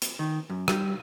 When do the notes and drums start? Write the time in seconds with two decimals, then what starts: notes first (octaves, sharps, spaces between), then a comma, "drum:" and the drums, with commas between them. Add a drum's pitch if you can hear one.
0.02 drum: hi-hat
0.19 D#3
0.50 F#2
0.68 G3, drum: rim click